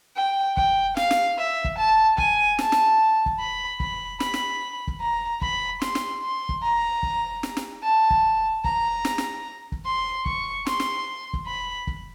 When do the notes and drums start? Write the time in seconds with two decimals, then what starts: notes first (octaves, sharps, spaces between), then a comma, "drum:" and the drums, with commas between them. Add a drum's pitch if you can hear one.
0.16 G5
0.57 G5, drum: kick
0.97 F5, drum: snare
1.11 drum: snare
1.38 E5
1.64 drum: kick
1.78 A5
2.18 G#5, drum: kick
2.59 A5, drum: snare
2.72 drum: snare
3.26 drum: kick
3.39 B5
3.80 B5, drum: kick
4.20 B5, drum: snare
4.34 drum: snare
4.87 drum: kick
5.01 A#5
5.41 B5, drum: kick
5.82 C6, drum: snare
5.95 drum: snare
6.22 C6
6.49 drum: kick
6.63 A#5
7.03 drum: kick
7.43 drum: snare
7.57 drum: snare
7.83 A5
8.10 drum: kick
8.64 A#5, drum: kick
9.05 drum: snare
9.18 drum: snare
9.72 drum: kick
9.85 C6
10.26 C#6, drum: kick
10.66 C6, drum: snare
10.80 drum: snare
11.33 drum: kick
11.47 B5
11.87 drum: kick